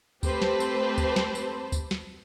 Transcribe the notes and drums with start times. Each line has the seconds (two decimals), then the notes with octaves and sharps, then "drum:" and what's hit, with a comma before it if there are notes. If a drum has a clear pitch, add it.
0.23 A3 C4 G4 B4 C5 A5, drum: kick, tambourine
0.42 drum: snare
0.60 drum: tambourine
0.98 drum: kick, tambourine
1.16 drum: snare
1.35 drum: tambourine
1.72 drum: kick, tambourine
1.91 drum: snare